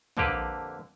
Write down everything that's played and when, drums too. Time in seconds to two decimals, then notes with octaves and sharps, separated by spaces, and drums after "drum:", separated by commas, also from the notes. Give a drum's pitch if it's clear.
0.17 F2 D3 A#3 G4 B4, drum: kick